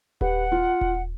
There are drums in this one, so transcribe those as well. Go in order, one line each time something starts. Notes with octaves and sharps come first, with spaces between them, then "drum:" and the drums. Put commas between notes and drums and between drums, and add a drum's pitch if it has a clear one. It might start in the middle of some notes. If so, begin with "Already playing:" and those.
G4 B4 F#5, drum: kick D#1
F4
drum: kick D#1